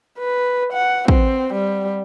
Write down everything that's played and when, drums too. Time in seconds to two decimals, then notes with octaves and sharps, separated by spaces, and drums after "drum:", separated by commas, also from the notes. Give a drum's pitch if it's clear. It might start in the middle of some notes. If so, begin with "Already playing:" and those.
0.19 B4
0.73 F#5
1.08 C4, drum: kick
1.53 G3